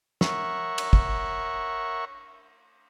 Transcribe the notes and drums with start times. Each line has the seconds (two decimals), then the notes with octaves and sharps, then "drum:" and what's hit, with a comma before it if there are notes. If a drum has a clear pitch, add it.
0.21 A#4 C#5 E5 F#5 C#6, drum: snare
0.78 drum: cymbal
0.93 drum: kick